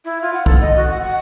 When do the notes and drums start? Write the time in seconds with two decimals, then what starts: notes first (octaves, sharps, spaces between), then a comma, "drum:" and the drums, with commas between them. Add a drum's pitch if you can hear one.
0.05 E4
0.22 F4
0.34 F#5
0.46 A4, drum: kick
0.61 D#5
0.77 F#4
0.89 F#5
1.02 F#5